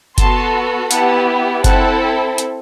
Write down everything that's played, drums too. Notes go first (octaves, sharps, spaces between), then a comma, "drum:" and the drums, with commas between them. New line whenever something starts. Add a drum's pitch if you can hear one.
B3 F#4 A4 A5 C6, drum: kick F#1, hi-hat
B3 E4 G4 F#5 A5, drum: hi-hat
C4 E4 A4 F#5 A5, drum: kick F#1, hi-hat
drum: hi-hat